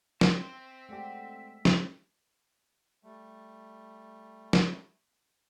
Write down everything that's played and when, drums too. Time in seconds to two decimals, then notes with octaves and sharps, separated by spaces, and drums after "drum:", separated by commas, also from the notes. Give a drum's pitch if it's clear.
0.21 C4 C5 E5, drum: snare
0.89 G#3 A3 G4 A4 D5 F#5
1.65 drum: snare
3.04 G3 A3
4.53 drum: snare